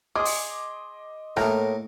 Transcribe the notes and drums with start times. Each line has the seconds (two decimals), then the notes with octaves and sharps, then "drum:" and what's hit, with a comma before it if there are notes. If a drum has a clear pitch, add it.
0.16 G#4 D#5 C6 D6
0.25 drum: open hi-hat
1.37 A2 A3 A#3 D#4 A#4, drum: rim click